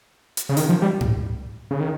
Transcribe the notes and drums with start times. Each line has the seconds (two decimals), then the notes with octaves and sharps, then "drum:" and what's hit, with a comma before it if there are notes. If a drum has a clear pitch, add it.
0.37 drum: hi-hat
0.49 C#3
0.57 D#3, drum: open hi-hat
0.69 F3
0.82 G3
1.01 drum: tom G#2
1.71 C#3
1.80 D#3